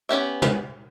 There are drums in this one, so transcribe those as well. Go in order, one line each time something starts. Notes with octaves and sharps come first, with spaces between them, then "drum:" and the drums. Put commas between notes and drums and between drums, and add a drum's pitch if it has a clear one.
B3 C#4 G4 E5
drum: tom